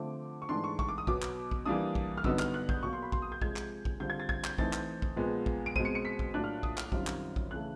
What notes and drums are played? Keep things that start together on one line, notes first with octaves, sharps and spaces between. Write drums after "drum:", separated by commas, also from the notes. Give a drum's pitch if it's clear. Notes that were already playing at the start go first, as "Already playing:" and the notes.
Already playing: D3 F3 A3 C4 D6
C#6
G#2 E3 A3 D4 C6
C#6
C#6, drum: kick A#1
D6
D#6
B2 F#3 B3 D6, drum: kick A#1
drum: clap
drum: kick A#1
E3 G3 A#3 D4 D#6
drum: kick A#1
F6
G2 D3 F#3 B3 D#4 E6, drum: kick A#1
F6, drum: clap
F#6
G6, drum: kick A#1
B2 F#3 A#3 C#6
C6
B5
C6, drum: kick A#1
D#6
G6
C3 F3 G#3 G#6, drum: kick A#1
drum: clap
drum: kick A#1
D3 G3 C4 F4 G6
G#6
A6
G#6, drum: kick A#1
G6, drum: clap
E3 A3 C4 D#4 A6, drum: kick A#1
drum: clap
drum: kick A#1
A#2 F3 G#3 B3
drum: kick A#1
D7
B2 G#3 C4 D#7, drum: kick A#1
C#7
C#7
B6
drum: kick A#1
A2 F#3 A#3 D4 F4 F#6
F6
D#6, drum: kick A#1
F6, drum: clap
F#2 D#3 G3 C4 F4, drum: kick A#1
drum: clap
drum: kick A#1
C#3 E3 A3 F#6